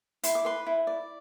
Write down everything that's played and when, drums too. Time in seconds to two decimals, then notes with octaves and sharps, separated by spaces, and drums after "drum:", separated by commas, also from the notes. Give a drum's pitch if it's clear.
0.23 E4 C6, drum: hi-hat
0.35 D6
0.45 B4 C6
0.66 E4
0.87 D5